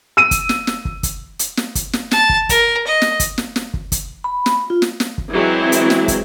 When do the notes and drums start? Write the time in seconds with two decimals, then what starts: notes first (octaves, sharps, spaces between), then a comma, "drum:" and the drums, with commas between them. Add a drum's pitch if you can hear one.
0.17 E6 D#7
0.31 drum: kick, hi-hat
0.49 drum: snare
0.67 drum: snare
0.85 drum: kick
1.03 drum: kick, hi-hat
1.39 drum: hi-hat
1.57 drum: snare
1.75 drum: kick, hi-hat
1.93 drum: snare
2.11 A5, drum: snare
2.29 drum: kick
2.49 A#4, drum: kick, hi-hat
2.87 D#5
3.02 drum: snare
3.20 drum: kick, hi-hat
3.38 drum: snare
3.56 drum: snare
3.74 drum: kick
3.92 drum: kick, hi-hat
4.24 B5
4.46 drum: snare
4.70 F4
4.82 drum: snare
5.00 drum: snare
5.18 drum: kick
5.32 E3 F#3 G#3 C4 E4
5.72 drum: hi-hat
5.90 drum: snare
6.08 drum: kick, hi-hat